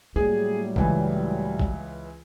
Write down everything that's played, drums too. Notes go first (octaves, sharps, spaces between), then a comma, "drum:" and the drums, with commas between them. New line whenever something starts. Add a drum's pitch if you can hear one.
A2 F#3 G3 A#3 G#4
C#2 C#3 E3 G#5, drum: kick A1
drum: kick A1